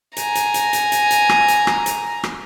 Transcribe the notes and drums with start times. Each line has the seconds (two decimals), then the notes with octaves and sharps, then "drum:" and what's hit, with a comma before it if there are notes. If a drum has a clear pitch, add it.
0.17 G#5 A#5, drum: hi-hat
0.35 drum: hi-hat
0.54 drum: hi-hat
0.73 drum: hi-hat
0.92 drum: hi-hat
1.11 drum: hi-hat
1.29 drum: rim click
1.48 drum: hi-hat
1.67 drum: rim click
1.86 drum: hi-hat
2.24 drum: rim click